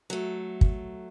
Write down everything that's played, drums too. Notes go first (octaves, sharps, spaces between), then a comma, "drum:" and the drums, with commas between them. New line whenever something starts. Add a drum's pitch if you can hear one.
F#3 A3
drum: kick